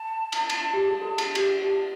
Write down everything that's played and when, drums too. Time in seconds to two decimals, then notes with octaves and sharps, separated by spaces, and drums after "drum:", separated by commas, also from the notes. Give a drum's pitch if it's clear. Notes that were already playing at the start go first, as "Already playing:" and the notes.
Already playing: A5
0.32 drum: cymbal
0.50 drum: cymbal
0.74 G4
0.88 G#4
1.02 A4
1.18 G#4, drum: cymbal
1.35 G4 G#5, drum: cymbal
1.61 G4 A5